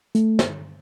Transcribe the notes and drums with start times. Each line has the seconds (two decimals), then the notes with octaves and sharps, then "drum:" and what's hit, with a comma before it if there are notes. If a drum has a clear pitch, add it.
0.15 A3, drum: hi-hat
0.39 drum: snare